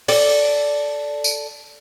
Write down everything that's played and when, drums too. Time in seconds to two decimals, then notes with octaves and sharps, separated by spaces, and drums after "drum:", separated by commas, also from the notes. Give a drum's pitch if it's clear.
0.08 A4 D5, drum: open hi-hat
1.24 drum: tambourine